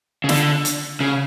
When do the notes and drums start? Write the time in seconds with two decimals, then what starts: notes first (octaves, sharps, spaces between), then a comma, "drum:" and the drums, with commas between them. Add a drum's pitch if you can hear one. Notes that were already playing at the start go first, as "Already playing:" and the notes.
0.24 C#3
0.29 D3, drum: snare
0.65 drum: hi-hat
1.00 C#3